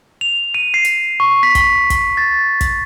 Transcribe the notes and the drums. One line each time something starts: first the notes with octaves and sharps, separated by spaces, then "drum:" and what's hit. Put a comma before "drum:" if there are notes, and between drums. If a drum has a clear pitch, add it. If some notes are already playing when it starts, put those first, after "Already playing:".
F7
D#7
C7
drum: hi-hat
C#6
B6
drum: kick, hi-hat
drum: kick, hi-hat
A6
drum: kick, hi-hat